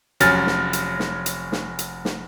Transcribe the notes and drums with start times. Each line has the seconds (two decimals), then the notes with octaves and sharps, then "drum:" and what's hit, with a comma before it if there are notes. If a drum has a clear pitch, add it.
0.20 F1 F#3 C#4 F6 A6, drum: hi-hat
0.47 drum: snare
0.73 drum: hi-hat
0.99 drum: snare
1.26 drum: hi-hat
1.52 drum: snare
1.79 drum: hi-hat
2.05 drum: snare